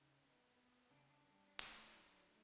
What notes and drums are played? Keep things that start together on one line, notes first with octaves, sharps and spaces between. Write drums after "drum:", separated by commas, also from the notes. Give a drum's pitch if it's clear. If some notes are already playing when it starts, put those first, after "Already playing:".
Already playing: C#3 D#4
B3
B3
C#3 D4
D4
G3
D4
A3 D#4, drum: hi-hat
D4 E4
F#3
D4
A3 D#4